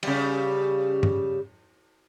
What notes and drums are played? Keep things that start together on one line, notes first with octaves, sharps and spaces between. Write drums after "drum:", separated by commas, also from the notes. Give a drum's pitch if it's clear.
C#3 G3, drum: cymbal
drum: tom G2